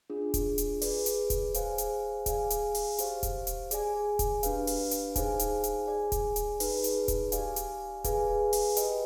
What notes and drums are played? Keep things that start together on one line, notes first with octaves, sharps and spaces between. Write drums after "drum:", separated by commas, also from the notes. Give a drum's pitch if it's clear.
D4 F4 G#4
drum: kick D#1, hi-hat
drum: hi-hat
G#4 B4 D5, drum: open hi-hat
drum: hi-hat
drum: kick D#1, hi-hat
G#4 C5 F5 G#5, drum: hi-hat
drum: hi-hat
G#4 D5 F5 G#5, drum: kick D#1, hi-hat
drum: hi-hat
drum: open hi-hat
G4 C5 F5, drum: hi-hat
drum: kick D#1, hi-hat
drum: hi-hat
G#4 D5 G#5, drum: hi-hat
drum: kick D#1, hi-hat
D4 G4 B4 F5, drum: hi-hat
drum: open hi-hat
drum: hi-hat
D#4 G#4 C5 F5 G#5, drum: kick D#1, hi-hat
drum: hi-hat
drum: hi-hat
G#4 D5 G#5
drum: kick D#1, hi-hat
drum: hi-hat
D#4 G#4 B4, drum: open hi-hat
drum: hi-hat
drum: kick D#1, hi-hat
G4 D5 F5 G#5, drum: hi-hat
drum: hi-hat
G#4 B4 F5 G#5, drum: kick D#1, hi-hat
drum: open hi-hat
G4 B4 D#5 G5, drum: hi-hat